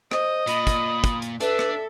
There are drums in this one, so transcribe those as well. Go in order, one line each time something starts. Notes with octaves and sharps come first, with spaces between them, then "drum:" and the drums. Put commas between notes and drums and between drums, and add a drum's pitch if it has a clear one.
C5 D#5 D#6, drum: rim click
A#2 B5, drum: hi-hat
drum: kick, hi-hat
drum: kick, hi-hat
drum: hi-hat
D4 A4 B4 E5, drum: hi-hat
drum: rim click